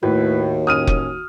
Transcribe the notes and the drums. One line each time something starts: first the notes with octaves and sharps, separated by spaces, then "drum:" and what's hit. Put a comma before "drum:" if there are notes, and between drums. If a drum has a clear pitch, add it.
D#2 A2 A3 E4 F#4 B4
A2 C#4 D#6 F6 D#7
drum: kick F1